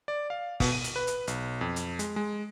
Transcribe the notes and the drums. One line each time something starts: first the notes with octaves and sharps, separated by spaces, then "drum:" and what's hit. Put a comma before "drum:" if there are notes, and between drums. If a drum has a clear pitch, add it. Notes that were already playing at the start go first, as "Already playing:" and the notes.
D5
F5
B2, drum: kick, open hi-hat
D#7
drum: hi-hat
B4
drum: hi-hat
B1, drum: hi-hat
F2
drum: hi-hat
G#3, drum: hi-hat
G#3